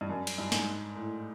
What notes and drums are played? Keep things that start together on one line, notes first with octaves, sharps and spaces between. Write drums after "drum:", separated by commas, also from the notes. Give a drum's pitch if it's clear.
G2
F#2
drum: cymbal
G2
G#2, drum: snare
A2